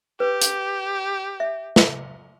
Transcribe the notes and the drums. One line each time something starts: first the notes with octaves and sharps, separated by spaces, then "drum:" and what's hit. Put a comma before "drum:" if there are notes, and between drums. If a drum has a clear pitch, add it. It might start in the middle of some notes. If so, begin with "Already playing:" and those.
G4 B4
drum: hi-hat
E5
drum: snare